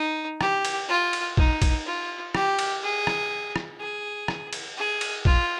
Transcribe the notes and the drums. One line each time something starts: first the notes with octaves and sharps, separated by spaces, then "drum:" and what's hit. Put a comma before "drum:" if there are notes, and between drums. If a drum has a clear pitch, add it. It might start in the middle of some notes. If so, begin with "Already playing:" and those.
Already playing: D#4
G4, drum: rim click
drum: cymbal
F4
drum: cymbal
D#4, drum: kick A#1
drum: kick A#1, cymbal
F4
G4, drum: rim click
drum: cymbal
G#4
drum: rim click
drum: rim click
G#4
drum: rim click
drum: cymbal
G#4
drum: cymbal
F4, drum: kick A#1